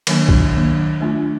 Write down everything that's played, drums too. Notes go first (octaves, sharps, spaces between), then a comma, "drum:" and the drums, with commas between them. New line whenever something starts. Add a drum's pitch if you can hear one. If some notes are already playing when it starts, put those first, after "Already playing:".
D#3 F#3 A#3 D4, drum: cymbal
drum: kick B1
D#3 F#3 A#3 D4
A3 D4 F4